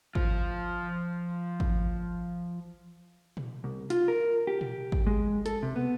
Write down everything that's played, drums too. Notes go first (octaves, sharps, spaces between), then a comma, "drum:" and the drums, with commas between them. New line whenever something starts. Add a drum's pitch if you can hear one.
F3 F4, drum: kick
drum: kick
drum: tom A#2
C2
F4, drum: hi-hat
A#4
G4
drum: tom A#2
drum: kick
G#3
A4, drum: hi-hat
C3
B3